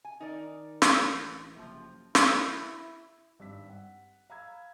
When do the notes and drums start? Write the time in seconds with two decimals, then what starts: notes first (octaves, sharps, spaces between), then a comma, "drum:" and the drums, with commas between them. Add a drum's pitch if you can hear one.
0.05 G#5
0.20 D#3 D#4 A#4 D5
0.82 drum: snare
0.99 A1
1.55 F#1 C3 F3
2.15 E4, drum: snare
3.39 G#1 G2 E6 B6
3.70 F#5
4.30 F5 A#5 B5 E6 G#6